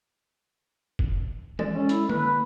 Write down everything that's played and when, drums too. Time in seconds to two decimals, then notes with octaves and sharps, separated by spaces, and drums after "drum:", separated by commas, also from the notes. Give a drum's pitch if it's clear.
0.99 drum: kick
1.59 G#3 A4 D5, drum: tom
1.75 C#4
1.89 E4, drum: hi-hat
2.09 A#3 B4, drum: tom